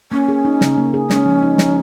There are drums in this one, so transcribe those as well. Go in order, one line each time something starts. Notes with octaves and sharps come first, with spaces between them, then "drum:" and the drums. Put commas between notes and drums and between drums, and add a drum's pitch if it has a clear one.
A#3 C#4
G#4
D#4
C#3, drum: snare
A#3
G#4
G#3 C#4, drum: snare
F3
D#4
F3, drum: snare